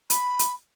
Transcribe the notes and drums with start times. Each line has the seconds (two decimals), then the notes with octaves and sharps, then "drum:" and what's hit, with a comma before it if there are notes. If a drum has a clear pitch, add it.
0.10 B5, drum: hi-hat
0.39 drum: hi-hat